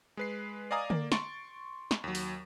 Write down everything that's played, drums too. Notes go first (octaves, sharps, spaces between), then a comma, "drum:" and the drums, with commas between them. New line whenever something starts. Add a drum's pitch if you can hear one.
G#3 B4 C7
D5 D#5 F5 G#5 A#5 D#6
A#3 D5, drum: tom D3
C6 C#6 A6 D7, drum: snare
drum: snare
D#2 F#3
drum: open hi-hat